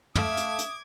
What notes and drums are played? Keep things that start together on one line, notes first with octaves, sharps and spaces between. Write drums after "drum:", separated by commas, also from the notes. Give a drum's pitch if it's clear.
A3 E5 F5 D6 D#6 G#6, drum: tom
drum: hi-hat
drum: hi-hat